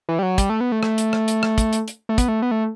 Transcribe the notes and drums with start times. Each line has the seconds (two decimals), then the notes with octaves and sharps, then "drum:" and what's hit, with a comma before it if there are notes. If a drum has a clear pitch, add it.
0.09 E3
0.19 G3
0.23 F#3
0.38 G3, drum: kick, hi-hat
0.50 A3
0.61 B3
0.72 A3
0.83 A3, drum: rim click
0.98 drum: hi-hat
1.13 drum: rim click
1.28 drum: hi-hat
1.43 drum: rim click
1.58 drum: kick, hi-hat
1.73 drum: hi-hat
1.88 drum: hi-hat
2.09 A3
2.18 B3, drum: kick, hi-hat
2.28 A3
2.42 B3
2.51 A3